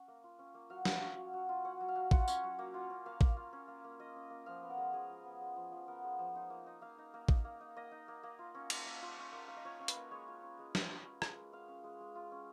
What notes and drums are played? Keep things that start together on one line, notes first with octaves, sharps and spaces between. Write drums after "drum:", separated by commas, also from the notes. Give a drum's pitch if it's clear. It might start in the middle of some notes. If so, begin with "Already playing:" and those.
Already playing: C#4 F#5
A#3
F4
C#4
A#3
F#3 F5
F4, drum: snare
C#4
F#3
F#3
F4
C#4 F#5
F#3
F5
F#3
F4 F#5, drum: kick A1
C#4, drum: tambourine
F#3
A#3
F4
C#4
A#3 F5
A#3, drum: kick A1
F4
C#4
A#3
A#3
F4 D#5
C#4
A#3
F3 F5
B3
A#4
G#3
F3 G#4
F3
B3
G#3
F3
F3
B3 A#4
G#3
F3
D#4
A#3
D#4
A#3 F5
D#4
A#3
D#4, drum: kick A1
A#3
D#4
A#3 D#5
D#4
A#3
A#3
F4
C#4
A#3, drum: cymbal
A#3
F4
C#4
A#3
A#3 F5
D#5
F4 C#5
C#4
B4, drum: hi-hat
A#3
G#3 C#5
F4
C#4
G#3
G#3, drum: snare
F4
C#4
G#3, drum: rim click
G#3
F4 F5
C#4
G#3
G#3
F4
C#4